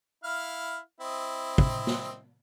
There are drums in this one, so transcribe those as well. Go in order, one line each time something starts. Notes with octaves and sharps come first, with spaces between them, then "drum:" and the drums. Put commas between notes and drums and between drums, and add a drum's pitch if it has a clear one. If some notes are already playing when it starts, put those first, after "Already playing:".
E4 F5 F6
C4 E4 D#5
drum: kick
drum: snare